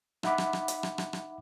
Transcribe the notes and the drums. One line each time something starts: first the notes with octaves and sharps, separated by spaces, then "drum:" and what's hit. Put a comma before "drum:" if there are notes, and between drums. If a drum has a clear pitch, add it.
D#4 E5 F#5 B5 D6, drum: rim click
drum: rim click
drum: rim click
drum: hi-hat
drum: rim click
drum: rim click
drum: rim click